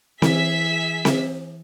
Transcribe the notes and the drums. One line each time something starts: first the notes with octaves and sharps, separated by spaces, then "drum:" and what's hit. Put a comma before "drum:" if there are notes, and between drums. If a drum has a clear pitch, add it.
E3 G#4 E5 B6, drum: snare C4
drum: snare C4